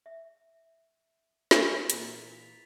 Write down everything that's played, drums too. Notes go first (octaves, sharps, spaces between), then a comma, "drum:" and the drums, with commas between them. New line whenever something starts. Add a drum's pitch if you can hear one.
E5
A6 B6 F7, drum: snare
A#2 E3 A#3, drum: hi-hat